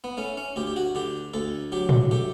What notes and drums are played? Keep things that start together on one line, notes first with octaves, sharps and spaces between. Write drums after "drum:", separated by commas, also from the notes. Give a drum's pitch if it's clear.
B3
A3 C#4
C#4
D2 G4
G4
F#4
D3 G4
D2 A4
F#3 G4
drum: tom
A3 G4